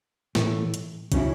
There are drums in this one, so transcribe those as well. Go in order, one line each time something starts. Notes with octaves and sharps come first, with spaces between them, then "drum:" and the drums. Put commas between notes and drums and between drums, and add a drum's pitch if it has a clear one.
A2 E3 A3, drum: snare
drum: hi-hat
C#3 F#3 C#4 E4, drum: kick, hi-hat